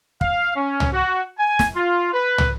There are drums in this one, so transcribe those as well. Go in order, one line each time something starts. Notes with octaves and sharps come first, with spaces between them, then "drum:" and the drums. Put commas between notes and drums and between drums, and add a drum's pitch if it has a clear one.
F5, drum: kick
C#4
drum: tom
F#4
G#5
drum: snare
F4
B4
drum: tom